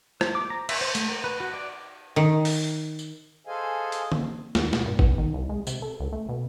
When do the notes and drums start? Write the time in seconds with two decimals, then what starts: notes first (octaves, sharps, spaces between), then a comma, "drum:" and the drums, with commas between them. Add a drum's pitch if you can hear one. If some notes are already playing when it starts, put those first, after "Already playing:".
0.21 C5, drum: rim click
0.35 D6
0.50 A#5
0.69 E5, drum: cymbal
0.81 C5
0.95 A3, drum: hi-hat
1.08 A#4
1.24 B4
1.40 F#4
1.53 D5
2.16 D#3
2.45 drum: open hi-hat
2.99 drum: tambourine
3.47 G#4 A4 C5 D#5 F5 G#5
3.92 drum: hi-hat
4.12 drum: tom
4.55 D#2, drum: snare
4.73 B2, drum: snare
4.85 G2
4.99 B3, drum: kick
5.18 D#3
5.34 C2
5.49 G#3
5.67 C3, drum: tambourine
5.82 A4
6.00 C#2
6.12 A3
6.29 B2